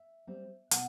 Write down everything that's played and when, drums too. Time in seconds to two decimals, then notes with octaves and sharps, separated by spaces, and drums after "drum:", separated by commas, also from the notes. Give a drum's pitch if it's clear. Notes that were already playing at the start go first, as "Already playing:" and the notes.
Already playing: E5
0.27 G3 C4
0.71 B2 F#5, drum: hi-hat